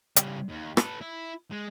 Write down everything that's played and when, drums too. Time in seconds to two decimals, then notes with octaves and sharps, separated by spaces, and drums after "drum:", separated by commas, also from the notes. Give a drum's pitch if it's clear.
0.16 C#3 G3, drum: hi-hat
0.49 D#2
0.77 A4 B4, drum: rim click
1.02 E4
1.51 G#3